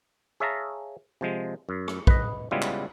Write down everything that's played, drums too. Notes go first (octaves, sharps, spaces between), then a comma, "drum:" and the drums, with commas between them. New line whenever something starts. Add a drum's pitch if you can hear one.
G#4 C#5 E5 F5 A5 A#5
C3 F3 G#3
F#2
drum: rim click
B4 D#5, drum: kick
C#3 G3 G#3 B3 E4 F4
drum: clap